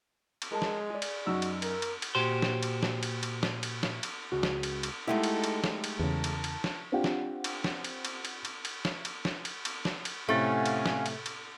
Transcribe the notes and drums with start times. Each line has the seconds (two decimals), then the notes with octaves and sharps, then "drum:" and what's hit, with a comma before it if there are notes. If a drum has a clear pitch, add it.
0.42 drum: cymbal
0.52 G#3 A#4 A5
0.62 drum: snare
0.90 G#4 D5
1.02 drum: cymbal
1.26 F#2 D#4 F#4 E6
1.42 drum: cymbal
1.62 A#4, drum: cymbal
1.82 drum: cymbal
2.02 drum: cymbal
2.15 A#2 F#4 G4 C5 C6
2.42 drum: snare
2.63 drum: cymbal
2.83 drum: snare
3.03 drum: cymbal
3.23 drum: cymbal
3.43 drum: snare
3.63 drum: cymbal
3.83 drum: snare
4.03 drum: cymbal
4.32 C#2 F#4
4.43 drum: snare
4.63 drum: cymbal
4.83 drum: cymbal
5.07 G#3 A3 D#4 E4 G4 A4 E5 F#5
5.23 drum: cymbal
5.44 drum: cymbal
5.64 drum: snare
5.84 drum: cymbal
5.99 E2 C#3 A#4 A5
6.24 drum: cymbal
6.44 drum: cymbal
6.64 drum: snare
6.92 C4 D4 F4 G4 F#5 G5
7.04 drum: snare
7.44 drum: cymbal
7.64 drum: snare
7.84 drum: cymbal
8.05 drum: cymbal
8.25 drum: cymbal
8.45 drum: cymbal
8.65 drum: cymbal
8.85 drum: snare
9.05 drum: cymbal
9.25 drum: snare
9.45 drum: cymbal
9.65 drum: cymbal
9.85 drum: snare
10.05 drum: cymbal
10.29 A2 C3 A3 C#4 F5 F#5 G#5 A6
10.66 drum: cymbal
10.86 drum: snare
11.06 drum: cymbal
11.26 drum: cymbal